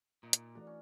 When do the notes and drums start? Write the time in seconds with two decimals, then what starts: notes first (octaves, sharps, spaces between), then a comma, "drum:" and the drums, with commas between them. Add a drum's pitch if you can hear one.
0.23 A#2 D#4
0.33 drum: hi-hat
0.55 E3 A3 D4 F#4 A#5
0.67 C#4